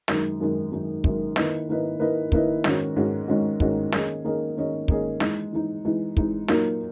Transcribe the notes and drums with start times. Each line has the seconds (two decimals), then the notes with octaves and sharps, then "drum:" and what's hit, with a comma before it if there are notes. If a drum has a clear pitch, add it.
0.08 F#2 D#3 G#3 D#4, drum: snare
0.40 F#2 D#3 G#3 D#4
0.72 F#2 D#3 G#3 D#4
1.04 F#2 D#3 G#3 D#4, drum: kick
1.36 D#3 A#3 E4 B4 D#5, drum: snare
1.68 D#3 A#3 E4 B4 D#5
2.00 D#3 A#3 E4 B4 D#5
2.32 D#3 A#3 E4 B4 D#5, drum: kick
2.64 G#2 D#3 G#3 C#4 F#4, drum: snare
2.96 G#2 D#3 G#3 C#4 F#4
3.28 G#2 D#3 G#3 C#4 F#4
3.60 G#2 D#3 G#3 C#4 F#4, drum: kick
3.92 D#3 A#3 C#4 G#4 D#5, drum: snare
4.24 D#3 A#3 C#4 G#4 D#5
4.57 D#3 A#3 C#4 G#4 D#5
4.88 D#3 A#3 C#4 G#4 D#5, drum: kick
5.20 E3 G#3 D#4, drum: snare
5.53 E3 G#3 D#4
5.85 E3 G#3 D#4
6.17 E3 G#3 D#4, drum: kick
6.48 A#2 F#3 A#3 D#4 A#4, drum: snare